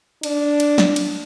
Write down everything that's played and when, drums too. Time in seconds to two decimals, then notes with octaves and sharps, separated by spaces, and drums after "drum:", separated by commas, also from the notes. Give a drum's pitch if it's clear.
0.23 D4, drum: cymbal
0.60 drum: cymbal
0.78 drum: snare
0.96 drum: cymbal